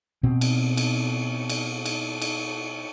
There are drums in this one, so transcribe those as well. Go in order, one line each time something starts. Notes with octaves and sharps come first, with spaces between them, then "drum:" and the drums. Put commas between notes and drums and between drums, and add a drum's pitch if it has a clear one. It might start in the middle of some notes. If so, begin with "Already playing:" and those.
B2 C4
drum: cymbal
drum: cymbal
drum: cymbal
drum: cymbal
drum: cymbal